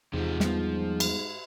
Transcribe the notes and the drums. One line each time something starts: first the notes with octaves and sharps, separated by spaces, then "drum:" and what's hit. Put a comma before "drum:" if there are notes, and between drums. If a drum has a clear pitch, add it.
E2 G#2 C3 F3
F3 G3 B3, drum: snare
drum: cymbal